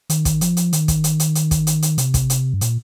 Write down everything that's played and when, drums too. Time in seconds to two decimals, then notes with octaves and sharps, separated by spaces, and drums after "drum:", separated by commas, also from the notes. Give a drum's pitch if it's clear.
0.10 D#3, drum: hi-hat
0.25 drum: kick, hi-hat
0.41 F3, drum: hi-hat
0.57 drum: hi-hat
0.73 D#3, drum: hi-hat
0.88 drum: kick, hi-hat
1.04 drum: hi-hat
1.20 drum: hi-hat
1.35 drum: hi-hat
1.51 drum: kick, hi-hat
1.67 drum: hi-hat
1.82 drum: hi-hat
1.98 C3, drum: hi-hat
2.14 drum: kick, hi-hat
2.30 drum: hi-hat
2.54 G2
2.61 A#2, drum: hi-hat